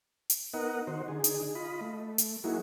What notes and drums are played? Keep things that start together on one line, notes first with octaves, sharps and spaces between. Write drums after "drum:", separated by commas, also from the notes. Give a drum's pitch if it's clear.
drum: hi-hat
B3 D#4 A#4 D#5 F#5
D#3 F#4 C5
D3 D#4 G#4
drum: hi-hat
F4 D#5 B5
A3
drum: hi-hat
F#3 A#3 D#4 E4 F#4 G#4